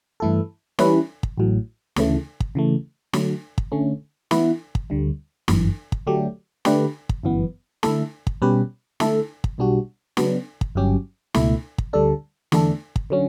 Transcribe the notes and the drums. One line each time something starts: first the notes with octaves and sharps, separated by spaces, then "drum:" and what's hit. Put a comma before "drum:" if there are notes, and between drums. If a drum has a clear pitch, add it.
G2 E3 A3 E4 A4
E3 G3 C#4 E4 B4, drum: snare
drum: kick
A1 A2 F#3
D2 C#3 E3 A3, drum: snare
drum: kick
C#3 E3 A3
D3 F#3 A3, drum: snare
drum: kick
D3 A3 C#4
E3 B3 E4 B4, drum: snare
drum: kick
D2 D3 G3
G1 F#2 E3, drum: snare
drum: kick
D3 F#3 A3 D4 G4
D3 A3 D4 G4 B4, drum: snare
drum: kick
G1 F#2 E3 B3
D3 A3 E4 A4, drum: snare
drum: kick
B2 G3 C#4 G4 B4
D3 A3 E4 A4, drum: snare
drum: kick
B1 B2 G3 D4 F#4
C#3 F#3 B3 D4, drum: snare
drum: kick
G1 G2 F#3 C#4 G4
C#2 B2 A3 E4, drum: snare
drum: kick
D2 D3 G3 D4 A4
E2 D3 A3 D4 A4, drum: snare
drum: kick
D3 F#3 C#4